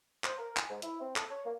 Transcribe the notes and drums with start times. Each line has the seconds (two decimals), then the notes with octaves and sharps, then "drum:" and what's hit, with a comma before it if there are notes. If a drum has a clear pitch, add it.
0.24 C5, drum: clap
0.38 A#4
0.57 G#5, drum: clap
0.70 G#2
0.82 E4, drum: hi-hat
1.00 C4
1.16 A4, drum: clap
1.30 C#5
1.45 A#3